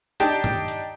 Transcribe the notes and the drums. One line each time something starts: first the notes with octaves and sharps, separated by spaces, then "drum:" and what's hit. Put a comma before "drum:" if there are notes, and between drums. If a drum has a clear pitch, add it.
D4 D#4 G4 G5 A5, drum: hi-hat
drum: tom G2
drum: hi-hat